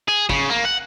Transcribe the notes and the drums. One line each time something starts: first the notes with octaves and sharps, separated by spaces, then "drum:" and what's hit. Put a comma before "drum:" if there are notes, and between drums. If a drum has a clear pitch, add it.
G#4
C#3, drum: kick
A#3
F#5